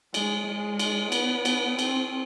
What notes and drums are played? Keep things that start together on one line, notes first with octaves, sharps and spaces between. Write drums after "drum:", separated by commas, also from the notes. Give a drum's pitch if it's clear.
G#3, drum: cymbal
G#3
drum: cymbal
B3, drum: cymbal
drum: cymbal
C4, drum: cymbal